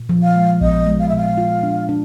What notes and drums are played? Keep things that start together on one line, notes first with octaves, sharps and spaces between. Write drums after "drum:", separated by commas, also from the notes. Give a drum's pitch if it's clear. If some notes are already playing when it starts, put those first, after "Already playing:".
Already playing: A#2
F3
F5
G#3
B3 D#5, drum: kick A#1
G#3
F5
E5
A#2 F5
F4
D4
D4